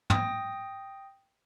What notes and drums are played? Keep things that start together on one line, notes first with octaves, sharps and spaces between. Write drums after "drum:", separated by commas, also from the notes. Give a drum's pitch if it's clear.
G5 D#6 A#6, drum: tom